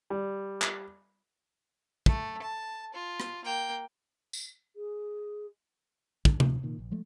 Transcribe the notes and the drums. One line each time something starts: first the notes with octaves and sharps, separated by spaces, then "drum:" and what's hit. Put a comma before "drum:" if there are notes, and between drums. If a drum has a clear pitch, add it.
G3
drum: clap
A3, drum: kick
A5
F4
drum: rim click
A#3 G5
drum: tambourine
G#4
C#2 D3, drum: kick
D2 A#2 C#3 F3, drum: tom C3
A#2 D#3
A#1
F3 G#3 A3